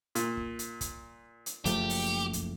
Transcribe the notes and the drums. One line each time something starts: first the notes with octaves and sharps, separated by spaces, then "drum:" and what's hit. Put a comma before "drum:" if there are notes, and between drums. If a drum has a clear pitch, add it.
A#2, drum: hi-hat
drum: kick
drum: hi-hat
drum: kick, hi-hat
drum: hi-hat
F#1 F3 A3 G4, drum: hi-hat
drum: open hi-hat
drum: kick, hi-hat